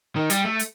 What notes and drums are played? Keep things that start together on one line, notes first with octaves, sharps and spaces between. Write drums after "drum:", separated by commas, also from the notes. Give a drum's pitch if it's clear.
D#3
G3, drum: hi-hat
A3
drum: hi-hat